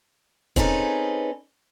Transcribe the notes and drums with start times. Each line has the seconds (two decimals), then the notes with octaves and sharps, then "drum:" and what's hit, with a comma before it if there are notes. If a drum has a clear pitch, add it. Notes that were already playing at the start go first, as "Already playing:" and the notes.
0.56 C4 C#4 D#4 G#4 A4 B4, drum: kick